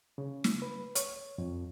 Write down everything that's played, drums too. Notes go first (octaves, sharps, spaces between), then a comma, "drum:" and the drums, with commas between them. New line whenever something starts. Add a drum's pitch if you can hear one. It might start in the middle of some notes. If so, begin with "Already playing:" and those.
C#3
drum: snare
B4
C#5, drum: hi-hat
F2